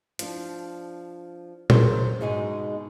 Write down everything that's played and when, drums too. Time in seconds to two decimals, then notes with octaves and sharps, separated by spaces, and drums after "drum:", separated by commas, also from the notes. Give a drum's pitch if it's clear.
0.19 F3 D4, drum: hi-hat
1.70 G#4 A#4 C5 C#5, drum: tom A#2
2.21 G#2 B2 G#3 D#4 G#5